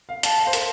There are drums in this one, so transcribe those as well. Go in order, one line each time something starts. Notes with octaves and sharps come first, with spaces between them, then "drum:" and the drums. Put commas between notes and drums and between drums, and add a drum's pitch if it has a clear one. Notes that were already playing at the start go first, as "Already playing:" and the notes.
F5
F5 A5, drum: hi-hat
F5
C5
A#4, drum: hi-hat